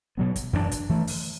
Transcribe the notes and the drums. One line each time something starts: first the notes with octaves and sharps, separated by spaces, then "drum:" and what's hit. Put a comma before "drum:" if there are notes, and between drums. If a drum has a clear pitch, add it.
B2 F#3 B3
drum: kick, hi-hat
F#2 E3 B3 D4
drum: kick, hi-hat
G2 E3 A3
drum: open hi-hat